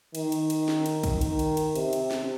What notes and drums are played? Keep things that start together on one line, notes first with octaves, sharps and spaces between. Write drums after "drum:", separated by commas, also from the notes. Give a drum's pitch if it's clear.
D#3, drum: cymbal
drum: cymbal
drum: cymbal
drum: snare
drum: cymbal
drum: kick, cymbal
D#3, drum: cymbal
drum: cymbal
drum: cymbal
C3, drum: cymbal
drum: cymbal
drum: snare